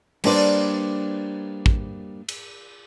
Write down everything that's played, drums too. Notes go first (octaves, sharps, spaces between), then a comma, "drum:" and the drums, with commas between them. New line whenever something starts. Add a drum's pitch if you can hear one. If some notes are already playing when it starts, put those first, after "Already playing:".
G3 A#3 D4 B4 C5 D5, drum: cymbal
drum: kick
drum: cymbal